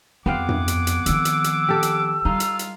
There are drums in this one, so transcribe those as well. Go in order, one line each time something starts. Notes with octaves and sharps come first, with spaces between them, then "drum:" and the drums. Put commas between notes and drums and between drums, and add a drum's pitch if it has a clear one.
F2 B3 C4 G#4 F5 F#5 D6
drum: tom G2
drum: hi-hat
drum: hi-hat
D#3 F3 E6, drum: hi-hat
drum: hi-hat
drum: hi-hat
G4 A4
drum: hi-hat
G3 D#4 F4 F5
drum: hi-hat
drum: hi-hat